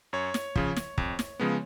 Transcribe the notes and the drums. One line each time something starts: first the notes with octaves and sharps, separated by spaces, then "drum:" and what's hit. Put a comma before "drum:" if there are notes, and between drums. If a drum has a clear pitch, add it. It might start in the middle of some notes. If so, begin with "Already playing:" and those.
F#2 C#5
drum: snare
C#3 F3, drum: kick
drum: snare
F2, drum: kick
drum: snare
C#3 F3 G#3 B3